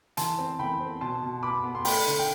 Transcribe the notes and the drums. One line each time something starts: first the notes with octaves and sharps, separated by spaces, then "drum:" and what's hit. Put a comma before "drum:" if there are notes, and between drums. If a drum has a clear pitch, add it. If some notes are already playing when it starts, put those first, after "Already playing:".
E3 A5 C6, drum: hi-hat
C4
E3 G5 B5
C4
B2 A5 C6
B2
B3 B5 D6
B3
C6
A3 G5 B5, drum: open hi-hat
D3
G5